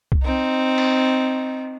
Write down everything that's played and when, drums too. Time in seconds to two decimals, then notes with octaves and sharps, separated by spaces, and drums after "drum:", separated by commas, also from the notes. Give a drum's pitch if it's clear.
0.12 drum: kick C2
0.23 C4 D#4
0.78 drum: cymbal